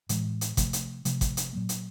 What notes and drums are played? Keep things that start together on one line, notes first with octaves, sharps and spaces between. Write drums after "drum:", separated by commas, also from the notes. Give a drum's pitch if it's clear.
A2 E3 G#3, drum: hi-hat
drum: hi-hat
C3 F3 A3, drum: kick F#1, hi-hat
drum: hi-hat
C3 F3 A3, drum: hi-hat
drum: kick F#1, hi-hat
drum: hi-hat
A#2 F#3 A#3
drum: hi-hat